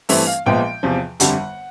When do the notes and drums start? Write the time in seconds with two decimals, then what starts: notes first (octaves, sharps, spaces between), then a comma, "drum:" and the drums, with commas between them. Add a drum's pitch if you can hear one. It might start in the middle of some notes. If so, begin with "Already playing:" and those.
0.09 G2 E3 A3 C4 E5, drum: open hi-hat
0.27 F5
0.46 A#1 A#2 F3 G#3 B3 G5
0.83 E2 C3 F3
1.20 G1 F2 D3 G3 F#5, drum: hi-hat